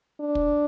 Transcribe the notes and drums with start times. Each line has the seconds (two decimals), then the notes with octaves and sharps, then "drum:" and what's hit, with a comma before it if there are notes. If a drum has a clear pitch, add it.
0.21 D4
0.35 drum: kick